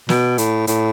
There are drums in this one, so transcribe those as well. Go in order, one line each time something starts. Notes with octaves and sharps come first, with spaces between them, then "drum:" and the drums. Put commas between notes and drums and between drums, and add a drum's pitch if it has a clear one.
B2, drum: snare
A2, drum: hi-hat
A2, drum: hi-hat